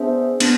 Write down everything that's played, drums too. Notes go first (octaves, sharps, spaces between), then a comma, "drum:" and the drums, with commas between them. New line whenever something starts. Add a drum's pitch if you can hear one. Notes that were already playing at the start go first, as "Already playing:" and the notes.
Already playing: B3 D4 G#4 C5 E5
B3 D4, drum: cymbal